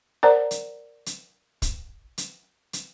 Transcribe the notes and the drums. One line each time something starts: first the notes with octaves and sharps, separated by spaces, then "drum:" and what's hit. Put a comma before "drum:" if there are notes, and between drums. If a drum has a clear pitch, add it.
A#4 C5 D5 F#5 A5 A#5
drum: hi-hat
drum: hi-hat
drum: kick, hi-hat
drum: hi-hat
drum: hi-hat